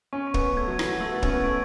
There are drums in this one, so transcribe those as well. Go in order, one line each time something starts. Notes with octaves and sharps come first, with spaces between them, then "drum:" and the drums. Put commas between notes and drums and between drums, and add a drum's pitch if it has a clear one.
C#4 C#6
C#6
B3, drum: kick
C#6
A3 G#6
F#3 C#6
E3, drum: rim click
F#3 C#6
A3 E6
B3 A6
C#4, drum: kick
B3 C#6
A3 D7